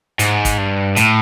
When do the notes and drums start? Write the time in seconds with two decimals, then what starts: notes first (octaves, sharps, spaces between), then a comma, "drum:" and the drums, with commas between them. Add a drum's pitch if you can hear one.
0.19 G#2, drum: hi-hat
0.45 drum: kick, hi-hat
0.58 G2
0.96 A2, drum: hi-hat